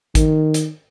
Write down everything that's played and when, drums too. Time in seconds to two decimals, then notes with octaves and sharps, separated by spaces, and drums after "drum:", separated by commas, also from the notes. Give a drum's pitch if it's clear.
0.15 D#3, drum: kick, hi-hat
0.54 drum: hi-hat